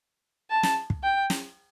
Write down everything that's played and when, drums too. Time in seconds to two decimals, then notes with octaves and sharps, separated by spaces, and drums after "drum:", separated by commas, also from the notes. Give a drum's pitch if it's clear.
0.50 A5
0.63 drum: snare
0.90 drum: kick
1.04 G5
1.30 drum: snare